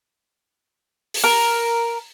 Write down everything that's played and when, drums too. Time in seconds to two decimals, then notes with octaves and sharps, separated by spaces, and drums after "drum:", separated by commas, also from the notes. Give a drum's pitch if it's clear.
1.14 drum: open hi-hat
1.24 A#4